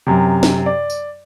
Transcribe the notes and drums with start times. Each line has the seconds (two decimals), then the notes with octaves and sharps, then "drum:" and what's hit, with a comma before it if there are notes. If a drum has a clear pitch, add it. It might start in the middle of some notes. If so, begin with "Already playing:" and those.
0.07 F#2 C3
0.43 drum: snare
0.66 D5
0.90 drum: tambourine